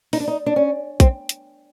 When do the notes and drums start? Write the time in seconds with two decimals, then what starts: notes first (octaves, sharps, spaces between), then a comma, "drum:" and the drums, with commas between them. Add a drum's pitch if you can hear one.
0.13 D#4, drum: open hi-hat
0.20 D4
0.28 D#4
0.46 D4
0.56 C#4
1.00 C4, drum: kick, hi-hat
1.29 drum: hi-hat